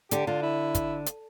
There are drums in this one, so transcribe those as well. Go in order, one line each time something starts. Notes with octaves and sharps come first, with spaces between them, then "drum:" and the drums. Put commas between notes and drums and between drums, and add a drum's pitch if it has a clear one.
D3 G4, drum: hi-hat
D3 F4
E4
drum: kick, hi-hat
drum: hi-hat